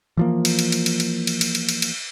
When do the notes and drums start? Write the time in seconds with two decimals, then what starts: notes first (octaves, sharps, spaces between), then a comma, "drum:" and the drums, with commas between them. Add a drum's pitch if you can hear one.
0.17 E3 F3 A#3
0.45 drum: cymbal
0.59 drum: cymbal
0.72 drum: cymbal
0.86 drum: cymbal
1.00 drum: cymbal
1.27 drum: cymbal
1.41 drum: cymbal
1.55 drum: cymbal
1.69 drum: cymbal
1.82 drum: cymbal